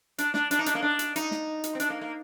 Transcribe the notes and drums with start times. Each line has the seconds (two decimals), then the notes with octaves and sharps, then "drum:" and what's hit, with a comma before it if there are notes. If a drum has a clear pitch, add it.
0.18 D4, drum: hi-hat
0.34 D4, drum: snare
0.51 D4, drum: hi-hat
0.59 D#4
0.66 D4, drum: hi-hat
0.75 A#3
0.83 D4
0.99 drum: hi-hat
1.16 D#4, drum: hi-hat
1.31 drum: snare
1.64 drum: hi-hat
1.75 C4
1.80 D4, drum: hi-hat
1.90 A#3
2.01 A#3